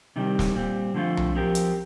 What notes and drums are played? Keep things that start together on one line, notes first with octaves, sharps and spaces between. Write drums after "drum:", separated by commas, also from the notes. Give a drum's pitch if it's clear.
C3 D#3 G3 C4
drum: snare
A#2 G3 C4
D3 F3 A3 C4 F4
drum: tom B1
F3 C4 G4 A#4
drum: hi-hat